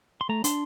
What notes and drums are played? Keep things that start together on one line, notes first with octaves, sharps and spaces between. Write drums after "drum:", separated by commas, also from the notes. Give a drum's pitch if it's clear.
C6
A3 A#5
D4 C6, drum: hi-hat